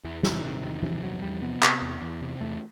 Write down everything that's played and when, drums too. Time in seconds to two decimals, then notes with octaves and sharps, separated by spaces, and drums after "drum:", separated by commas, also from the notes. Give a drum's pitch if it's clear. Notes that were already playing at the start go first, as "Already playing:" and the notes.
0.04 E2 E3
0.23 C3 E3, drum: snare
0.44 C3 D#3
0.63 E2 D#3
0.83 C3 E3, drum: tom F3
1.02 E2 F#3
1.22 E2 G3
1.42 C3 B3
1.63 C3, drum: clap
1.82 E2
2.02 E2
2.22 C3
2.41 E2 A3